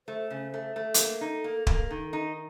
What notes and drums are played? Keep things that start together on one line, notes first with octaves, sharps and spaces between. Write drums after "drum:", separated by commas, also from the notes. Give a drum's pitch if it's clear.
A3 C5
C#3
A3
A3
F#4, drum: hi-hat
A#3 A4
D#4
A#3
A#3, drum: kick
D#3
D#4